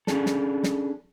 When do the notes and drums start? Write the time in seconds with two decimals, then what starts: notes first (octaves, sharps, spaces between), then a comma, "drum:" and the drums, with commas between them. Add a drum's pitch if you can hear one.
0.07 C#4 D4 G#4 A4, drum: snare
0.26 drum: snare
0.64 drum: snare